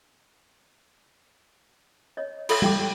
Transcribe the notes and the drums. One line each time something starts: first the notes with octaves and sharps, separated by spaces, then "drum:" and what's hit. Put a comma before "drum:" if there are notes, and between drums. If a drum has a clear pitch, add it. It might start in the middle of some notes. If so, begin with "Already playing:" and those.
C#5 D#5
F4 A4 C#5 E5 C6 E6, drum: cymbal
G4 G5 D6, drum: tom